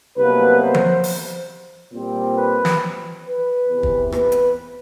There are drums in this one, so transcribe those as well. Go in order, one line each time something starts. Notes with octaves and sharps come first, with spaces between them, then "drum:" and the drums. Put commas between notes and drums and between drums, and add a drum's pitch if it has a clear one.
C2 B2 F#3 A#3 B4
C5
drum: tom F3
drum: open hi-hat
A#2 G3 C4
B4
drum: snare
B4
E2 C3 E3
drum: kick
B4, drum: rim click
drum: hi-hat